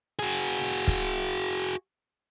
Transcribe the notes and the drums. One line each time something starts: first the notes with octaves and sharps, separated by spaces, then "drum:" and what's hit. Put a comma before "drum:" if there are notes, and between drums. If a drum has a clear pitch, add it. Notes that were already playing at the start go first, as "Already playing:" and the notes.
F#4 G#4
drum: kick